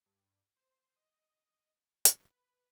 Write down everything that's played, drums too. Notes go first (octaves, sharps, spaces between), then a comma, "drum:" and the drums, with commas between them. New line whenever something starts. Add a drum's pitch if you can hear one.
G2
C5
D#5
B4, drum: hi-hat